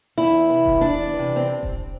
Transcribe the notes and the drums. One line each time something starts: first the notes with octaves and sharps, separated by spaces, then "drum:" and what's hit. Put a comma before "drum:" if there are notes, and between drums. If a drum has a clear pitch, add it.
E2 E4
C3 E3
drum: kick D#1
E2 D4
E3
C3
C4
drum: kick D#1